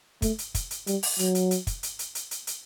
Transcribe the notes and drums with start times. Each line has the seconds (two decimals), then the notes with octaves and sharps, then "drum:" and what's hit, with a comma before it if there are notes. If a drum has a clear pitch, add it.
0.22 A3, drum: kick, hi-hat
0.38 drum: hi-hat
0.55 drum: kick, hi-hat
0.71 drum: hi-hat
0.87 G3, drum: hi-hat
1.03 drum: open hi-hat
1.19 F#3, drum: hi-hat
1.35 drum: hi-hat
1.51 drum: hi-hat
1.67 drum: kick, hi-hat
1.83 drum: hi-hat
1.99 drum: hi-hat
2.15 drum: hi-hat
2.31 drum: hi-hat
2.47 drum: hi-hat